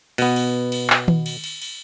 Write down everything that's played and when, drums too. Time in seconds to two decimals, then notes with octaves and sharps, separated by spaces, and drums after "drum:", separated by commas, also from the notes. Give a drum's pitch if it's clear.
0.18 B2 B3, drum: cymbal
0.36 drum: cymbal
0.72 drum: cymbal
0.90 drum: clap
1.08 drum: tom D#3
1.26 drum: cymbal
1.44 drum: cymbal
1.62 drum: cymbal